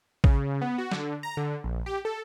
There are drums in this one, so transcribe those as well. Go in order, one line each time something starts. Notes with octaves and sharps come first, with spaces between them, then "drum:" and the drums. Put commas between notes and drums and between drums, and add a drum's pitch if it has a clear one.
C#3, drum: kick A1
B3
F#4
D3, drum: snare
A#5
D3
A#1
G4
A4